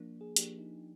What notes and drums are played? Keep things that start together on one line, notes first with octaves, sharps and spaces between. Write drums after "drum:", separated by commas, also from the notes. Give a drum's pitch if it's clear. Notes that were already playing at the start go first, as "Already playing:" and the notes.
Already playing: F3 A#3 D4
G#4
F3 A#3 D4 G4, drum: hi-hat
D#4